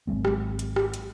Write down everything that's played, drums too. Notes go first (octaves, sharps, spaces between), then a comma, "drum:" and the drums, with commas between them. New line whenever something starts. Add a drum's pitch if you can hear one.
G#1 F#3 G#3 C4
drum: rim click
drum: hi-hat
drum: rim click
drum: hi-hat